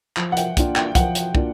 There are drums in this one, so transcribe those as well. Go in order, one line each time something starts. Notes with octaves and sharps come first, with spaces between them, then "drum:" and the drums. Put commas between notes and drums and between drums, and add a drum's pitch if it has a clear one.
F3, drum: clap
F#5
G5, drum: hi-hat
A#3 D4 F4, drum: kick, hi-hat
G5, drum: clap
F3 F#5, drum: kick, hi-hat
drum: hi-hat
A#3 D4 F4, drum: kick